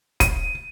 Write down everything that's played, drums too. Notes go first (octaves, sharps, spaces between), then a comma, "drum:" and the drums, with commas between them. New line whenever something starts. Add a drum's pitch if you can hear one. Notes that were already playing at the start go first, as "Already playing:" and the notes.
D#7, drum: kick, hi-hat